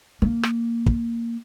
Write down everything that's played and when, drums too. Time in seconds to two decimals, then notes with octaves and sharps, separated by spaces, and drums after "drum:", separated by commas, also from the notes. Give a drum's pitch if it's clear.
0.22 A#3
0.43 drum: rim click
0.86 drum: kick